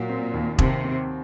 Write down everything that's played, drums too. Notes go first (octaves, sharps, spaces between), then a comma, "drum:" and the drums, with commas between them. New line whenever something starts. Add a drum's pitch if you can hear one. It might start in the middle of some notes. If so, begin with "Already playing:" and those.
Already playing: A#2 F#3
C4
D#2
D#2 C3, drum: kick E1
C4